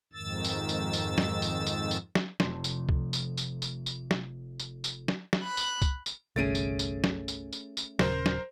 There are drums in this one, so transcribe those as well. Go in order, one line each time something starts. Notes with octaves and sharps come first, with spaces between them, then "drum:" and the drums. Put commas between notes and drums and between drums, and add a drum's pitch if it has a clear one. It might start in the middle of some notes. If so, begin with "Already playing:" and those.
F2 G#2 D#3 E6 A6
drum: tambourine
drum: tambourine
drum: tambourine
drum: snare
drum: tambourine
drum: tambourine
drum: tambourine
drum: snare
F1 C3 A3 C4 C6, drum: snare
drum: tambourine
drum: kick C2
drum: tambourine
drum: tambourine
drum: tambourine
drum: tambourine
drum: snare
drum: tambourine
drum: tambourine
drum: snare
drum: snare
B5 F#6
drum: tambourine
drum: kick C2, tambourine
drum: tambourine
G1 C2 A3 C#4 G#4 A6 D7 D#7
drum: tambourine
drum: tambourine
drum: snare
drum: tambourine
drum: tambourine
drum: tambourine
D#1 C#3 A#4 C5, drum: snare
drum: snare